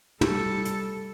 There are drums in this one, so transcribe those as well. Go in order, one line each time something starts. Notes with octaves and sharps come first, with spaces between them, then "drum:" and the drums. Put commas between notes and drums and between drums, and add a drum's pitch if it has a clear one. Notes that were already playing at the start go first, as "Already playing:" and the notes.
G3 A4, drum: tom
drum: hi-hat